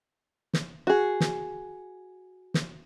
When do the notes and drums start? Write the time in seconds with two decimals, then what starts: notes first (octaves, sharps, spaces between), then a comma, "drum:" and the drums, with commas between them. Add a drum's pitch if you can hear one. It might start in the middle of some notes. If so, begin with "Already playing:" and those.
0.54 drum: snare
0.87 F#4 G#4
1.20 drum: snare
2.54 drum: snare